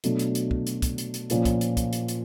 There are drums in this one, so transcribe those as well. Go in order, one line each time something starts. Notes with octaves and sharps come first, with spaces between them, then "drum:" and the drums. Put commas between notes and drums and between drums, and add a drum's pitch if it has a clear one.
B2 F#3 A3 D4, drum: hi-hat
drum: hi-hat
drum: hi-hat
drum: kick
drum: hi-hat
drum: kick, hi-hat
drum: hi-hat
drum: hi-hat
A#2 F3 A#3 C#4, drum: hi-hat
drum: kick, hi-hat
drum: hi-hat
drum: kick, hi-hat
drum: hi-hat
drum: hi-hat